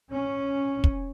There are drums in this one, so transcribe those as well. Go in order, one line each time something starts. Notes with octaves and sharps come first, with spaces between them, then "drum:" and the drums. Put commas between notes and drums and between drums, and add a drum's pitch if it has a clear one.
C#4
drum: kick